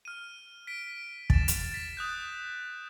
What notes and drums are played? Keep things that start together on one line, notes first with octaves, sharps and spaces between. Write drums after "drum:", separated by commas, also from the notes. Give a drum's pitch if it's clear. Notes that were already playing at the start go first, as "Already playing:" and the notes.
F6 D#7
B6 D7
A6 E7, drum: kick
drum: hi-hat
A6 B6
D#6 F#6 G6